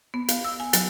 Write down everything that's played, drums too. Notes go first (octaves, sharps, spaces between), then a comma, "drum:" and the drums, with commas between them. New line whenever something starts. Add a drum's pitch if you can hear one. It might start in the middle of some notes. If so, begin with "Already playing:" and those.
B3
F5, drum: hi-hat
E6
G#5
F#3, drum: hi-hat